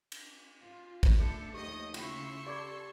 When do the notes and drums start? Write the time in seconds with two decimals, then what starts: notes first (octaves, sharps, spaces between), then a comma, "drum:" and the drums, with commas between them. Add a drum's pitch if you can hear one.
0.12 drum: cymbal
0.65 F4
1.03 drum: kick, cymbal
1.20 A3 D4 A4 G6 C#7
1.54 D#2 D#3 F3 G4 A4 D#5 D#6
1.94 C#3 E4 F4 G5 C6 C#6 E6, drum: cymbal
2.47 G4 A4 D5 B5 D6 G#6